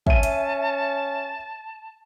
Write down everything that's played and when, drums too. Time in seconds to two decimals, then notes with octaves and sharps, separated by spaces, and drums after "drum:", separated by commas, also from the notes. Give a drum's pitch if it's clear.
0.07 C#4 E5 A5 D#7, drum: kick
0.23 drum: hi-hat